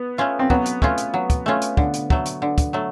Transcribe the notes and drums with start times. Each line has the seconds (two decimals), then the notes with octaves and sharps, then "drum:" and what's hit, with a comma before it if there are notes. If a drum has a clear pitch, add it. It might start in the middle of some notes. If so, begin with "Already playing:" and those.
Already playing: B3
0.18 A3 C#4 F4
0.39 C4
0.50 F#3 B3, drum: kick
0.66 drum: hi-hat
0.82 A3 C#4 F4, drum: kick
0.98 drum: hi-hat
1.14 F#3
1.30 drum: kick, hi-hat
1.46 A3 C#4 F4
1.62 drum: hi-hat
1.77 D3, drum: kick
1.94 drum: hi-hat
2.10 F#3 A3, drum: kick
2.26 drum: hi-hat
2.42 D3
2.58 drum: kick, hi-hat
2.73 F#3 A3